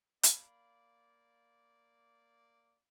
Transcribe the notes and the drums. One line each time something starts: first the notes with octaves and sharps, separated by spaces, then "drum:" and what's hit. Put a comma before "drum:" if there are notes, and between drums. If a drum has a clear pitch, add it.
A#3 D5 F5 B5, drum: hi-hat